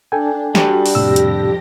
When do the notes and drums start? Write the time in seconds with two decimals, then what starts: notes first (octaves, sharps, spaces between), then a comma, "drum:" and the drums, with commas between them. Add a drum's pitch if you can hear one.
0.12 D4 A4 G5 G#5
0.55 G3 D4 F#4, drum: snare
0.86 drum: open hi-hat
0.95 F2 A2 C3 G4 E6 A#6
1.16 drum: hi-hat